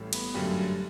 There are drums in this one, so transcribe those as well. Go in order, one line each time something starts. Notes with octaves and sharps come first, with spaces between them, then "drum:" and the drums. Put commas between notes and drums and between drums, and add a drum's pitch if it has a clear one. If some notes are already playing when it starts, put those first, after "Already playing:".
Already playing: A1 A2 G3
B3 B4, drum: cymbal
G1 F#2 D3 F#3 G3 A3 G4